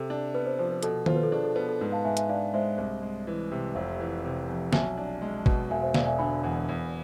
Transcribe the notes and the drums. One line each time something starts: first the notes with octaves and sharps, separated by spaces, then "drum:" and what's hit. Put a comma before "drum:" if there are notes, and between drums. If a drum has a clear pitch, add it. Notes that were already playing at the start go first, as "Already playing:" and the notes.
Already playing: C3 A4
D4
B3 B4
C5
F3 C5
B4
B2 A4, drum: hi-hat
F4 C5, drum: tom D#3
B4
A4
D4 G#4
A4
B3 B4
A4
G#2 B4
F5 A5
G#2 E5 G#5
E5 G#5, drum: hi-hat
D4 D5 F5
G#3 C5 E5
C2
G#3
E3
C3
F1 C5 E5
E3
C3
F2
B1 E5 G#5, drum: snare
D4
G#3
B2, drum: kick
E1 E5 G#5
C5 E5
E1 D5 F5, drum: snare
E5 G#5
D3 G#5 B5
E2
E2